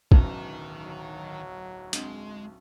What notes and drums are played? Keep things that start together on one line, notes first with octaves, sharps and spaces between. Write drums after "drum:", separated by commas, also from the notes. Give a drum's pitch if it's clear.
D1 B1 D#3 C#4 C5 A#5, drum: kick
F#3
G#3 C4 D4, drum: hi-hat